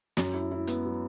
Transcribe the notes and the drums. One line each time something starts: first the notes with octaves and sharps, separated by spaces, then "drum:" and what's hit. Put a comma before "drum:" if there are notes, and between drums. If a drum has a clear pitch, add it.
F#2, drum: snare
E4
E4
B3, drum: hi-hat
F#3